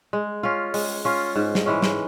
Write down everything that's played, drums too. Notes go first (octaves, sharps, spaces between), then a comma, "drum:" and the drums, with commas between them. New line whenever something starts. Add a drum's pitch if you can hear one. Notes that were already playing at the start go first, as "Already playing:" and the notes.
G#3
C#4 F4
G#3, drum: open hi-hat
C#4 F4
G#2
drum: snare
E3 G#3 C#4
drum: snare